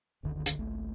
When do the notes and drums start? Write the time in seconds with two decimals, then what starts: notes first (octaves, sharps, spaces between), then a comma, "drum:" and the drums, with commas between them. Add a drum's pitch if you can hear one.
0.23 F#1 D2 D3 D#3
0.46 drum: hi-hat
0.58 G#1 C#2 A3